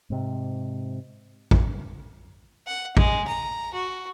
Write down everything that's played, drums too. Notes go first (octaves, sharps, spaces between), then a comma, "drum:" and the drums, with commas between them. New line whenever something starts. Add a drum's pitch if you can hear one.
G#2 C3
drum: kick A1
F#5
G#3, drum: kick A1
A#5
F#4